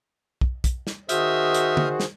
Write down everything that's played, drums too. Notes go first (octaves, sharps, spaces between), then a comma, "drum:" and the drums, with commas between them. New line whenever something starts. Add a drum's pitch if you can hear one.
drum: kick
drum: kick, hi-hat
drum: snare
D#3 F#4 G#4 C5 E5 D#6 F6 G6, drum: hi-hat
drum: hi-hat
drum: tom D3
drum: snare